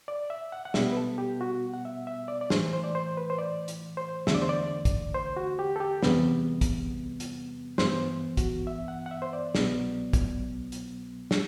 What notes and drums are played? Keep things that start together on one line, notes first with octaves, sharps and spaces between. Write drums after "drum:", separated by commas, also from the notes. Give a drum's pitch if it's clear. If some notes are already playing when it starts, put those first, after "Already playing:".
D5
E5
F#5
F#5
B2 G3 B3 E5, drum: snare
B4
A4
G4
F#4
F#5
E5
E5
D5
D5
A2 E3 A3 C5, drum: snare
C5
D5
C5
B4
C5
D5
drum: hi-hat
C5
E2 D3 A3 E5, drum: snare
D5
C5
D5
drum: kick, hi-hat
C5
F#4
G4
A4
G4
E2 C3 G3 B3, drum: snare
drum: kick, hi-hat
drum: hi-hat
G2 E3 B3 C5, drum: snare
F#4, drum: kick, hi-hat
E5
F#5
F#5
E5
C5
D5
C2 B2 F#3 B3, drum: snare
drum: kick, hi-hat
drum: hi-hat
drum: snare